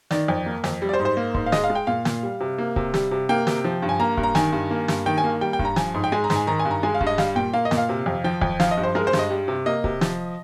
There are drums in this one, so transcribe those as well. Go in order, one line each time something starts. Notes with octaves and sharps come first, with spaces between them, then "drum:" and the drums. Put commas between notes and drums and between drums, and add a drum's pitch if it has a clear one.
D#3 D5, drum: snare
F2
A#3
F2, drum: snare
G3
D5
C5
G#2
C5
A#3
G#2, drum: kick C#1
F5
G#3 D#5, drum: snare
F5
G#3
G5
A#2 F5
A#2, drum: snare
G3
C3
A#3
C3, drum: kick C#1
G3, drum: snare
C3
A#3 G5
C3, drum: snare
F3
G2
G#5
A#3 A#5
G2, drum: kick C#1
A#5
D#3 G#5, drum: snare
G2
A#3
G2, drum: snare
D#3 G5
G#5
A#3
G3 G5
G5
G2, drum: kick C#1
A#5
F3 G#5, drum: snare
G#2
G5
G#3 G#5
A#5
G#2, drum: snare
G#5
D#3 A#5
G#5
G2
A#5
G#3 G#5
F5
G2, drum: kick C#1
D#5
G3 F5, drum: snare
A#2 G5
A#3 F5
D#5
A#2, drum: snare
F5
C3
F2
F3 G5
F2, drum: kick C#1
F3 F5, drum: snare
D#5
G2
C5
G#3 A#4
C5
G2, drum: snare
D#5
G3
C3
A#3 D#5
C3, drum: kick C#1
F3, drum: snare